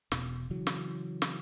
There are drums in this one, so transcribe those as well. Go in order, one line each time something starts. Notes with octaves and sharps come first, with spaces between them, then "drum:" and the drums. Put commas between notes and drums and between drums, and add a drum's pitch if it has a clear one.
E1 B2, drum: snare
C#3 E3 F#3
drum: snare
drum: snare